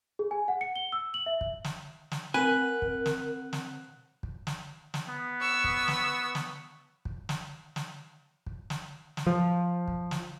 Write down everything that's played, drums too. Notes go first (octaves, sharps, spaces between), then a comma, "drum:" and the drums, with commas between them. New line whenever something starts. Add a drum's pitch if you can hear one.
G#4
G#5
F#5
C#7
G7
E6
F#7
E5
drum: kick
drum: snare
drum: snare
C4 A#4 B4 F#5 G#5
drum: kick
drum: snare
drum: snare
drum: kick
drum: snare
drum: snare
B3
C#6 E6
drum: kick
drum: snare
drum: snare
drum: kick
drum: snare
drum: snare
drum: kick
drum: snare
drum: snare
F3
drum: kick
drum: snare